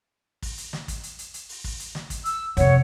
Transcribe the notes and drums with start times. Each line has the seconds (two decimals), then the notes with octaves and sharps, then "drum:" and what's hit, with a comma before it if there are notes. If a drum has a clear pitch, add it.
0.42 drum: kick, open hi-hat
0.58 drum: hi-hat
0.73 drum: snare
0.88 drum: kick, hi-hat
1.03 drum: hi-hat
1.19 drum: hi-hat
1.34 drum: hi-hat
1.49 drum: open hi-hat
1.64 drum: kick, open hi-hat
1.80 drum: hi-hat
1.95 drum: snare
2.10 drum: kick, hi-hat
2.25 E6, drum: hi-hat
2.57 F2 C3 C#5 F#5, drum: hi-hat